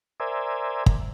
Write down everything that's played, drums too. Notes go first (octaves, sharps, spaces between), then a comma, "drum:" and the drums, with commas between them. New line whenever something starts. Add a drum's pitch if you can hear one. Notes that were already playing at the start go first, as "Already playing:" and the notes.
A#4 C5 D5 E5 G#5
drum: kick